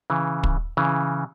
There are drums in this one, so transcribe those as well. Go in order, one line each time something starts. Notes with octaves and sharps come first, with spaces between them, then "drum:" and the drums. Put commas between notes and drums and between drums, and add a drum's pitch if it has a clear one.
C#3 E3
drum: kick
C#3 E3